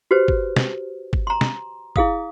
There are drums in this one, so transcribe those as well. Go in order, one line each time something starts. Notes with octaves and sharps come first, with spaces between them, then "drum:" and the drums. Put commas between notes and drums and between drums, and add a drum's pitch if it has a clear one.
F#4 G4 B4 C5
drum: kick
drum: snare
drum: kick
A#5 C6
drum: snare
E4 G#4 F5 D#6, drum: kick